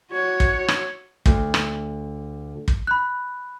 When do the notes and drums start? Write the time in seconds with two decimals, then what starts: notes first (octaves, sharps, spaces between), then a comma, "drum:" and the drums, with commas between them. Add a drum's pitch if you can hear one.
0.12 F#4 C#5
0.40 drum: kick
0.68 drum: rim click
1.26 D2, drum: kick
1.54 drum: rim click
2.68 drum: kick
2.87 B5 F#6